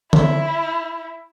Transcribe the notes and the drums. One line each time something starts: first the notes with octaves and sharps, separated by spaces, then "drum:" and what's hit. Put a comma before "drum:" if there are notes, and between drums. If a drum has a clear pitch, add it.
E4, drum: tom D3